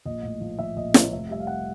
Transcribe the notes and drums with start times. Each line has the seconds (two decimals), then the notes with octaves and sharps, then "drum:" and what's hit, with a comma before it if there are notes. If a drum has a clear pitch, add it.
0.05 A#1 D#5
0.23 A2
0.41 F3
0.59 F3 E5
0.76 A#1 D#5
0.94 F3 C#5, drum: snare
1.12 F1 E5
1.30 G3 E5
1.40 F5
1.47 G3 F#5